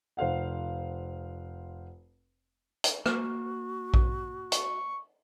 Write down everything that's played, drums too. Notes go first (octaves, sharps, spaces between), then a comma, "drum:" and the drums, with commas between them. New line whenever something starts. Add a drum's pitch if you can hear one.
F1 C5 F5 F#5
drum: hi-hat
A#3 F#4, drum: rim click
drum: kick A#1
C#6, drum: hi-hat